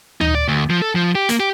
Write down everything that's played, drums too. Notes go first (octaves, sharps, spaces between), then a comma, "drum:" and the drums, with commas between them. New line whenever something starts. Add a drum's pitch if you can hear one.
D#4, drum: tom D2
D5
D2
F3
A4
F3
G4
A#3, drum: hi-hat
G4